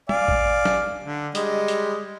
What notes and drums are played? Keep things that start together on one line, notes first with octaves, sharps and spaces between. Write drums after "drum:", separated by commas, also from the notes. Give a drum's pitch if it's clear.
D5 F5 G#5, drum: tom
drum: kick
drum: snare
D3
G3 G#3 D#5, drum: hi-hat
drum: hi-hat